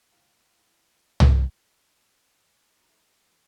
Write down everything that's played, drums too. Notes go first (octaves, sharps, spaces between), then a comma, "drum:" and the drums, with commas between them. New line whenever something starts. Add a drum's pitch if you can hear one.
F#1 C#2 A2 F5
drum: tom C2
C#2 G#3 G#5
G#2 B2 A#3 D#4 F4
F3 F#3 G#3 A3 D#4 E4
G4 G#4
F2 D3 E3